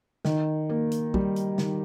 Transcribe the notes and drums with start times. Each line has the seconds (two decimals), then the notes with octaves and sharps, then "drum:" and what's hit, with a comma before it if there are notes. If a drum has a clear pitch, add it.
0.25 D#3, drum: snare
0.69 A#3
0.92 drum: hi-hat
1.14 G3, drum: kick
1.36 drum: hi-hat
1.58 D#3, drum: snare